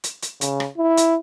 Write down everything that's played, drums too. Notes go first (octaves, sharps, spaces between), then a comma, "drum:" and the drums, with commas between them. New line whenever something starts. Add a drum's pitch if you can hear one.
drum: hi-hat
drum: hi-hat
C#3, drum: hi-hat
drum: rim click
E4
drum: hi-hat